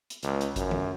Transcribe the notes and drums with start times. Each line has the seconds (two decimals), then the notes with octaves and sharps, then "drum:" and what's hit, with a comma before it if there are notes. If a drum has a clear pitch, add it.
0.10 drum: hi-hat
0.23 C#2, drum: hi-hat
0.41 drum: hi-hat
0.56 F#2, drum: kick A1, hi-hat
0.71 drum: tom D3